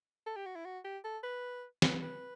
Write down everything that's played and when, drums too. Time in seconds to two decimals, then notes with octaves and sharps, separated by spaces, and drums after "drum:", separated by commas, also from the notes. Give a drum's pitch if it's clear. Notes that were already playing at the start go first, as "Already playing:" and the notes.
0.26 A4
0.36 G4
0.46 F#4
0.55 E4
0.65 F#4
0.84 G4
1.04 A4
1.23 B4
1.82 B4, drum: snare
2.02 B4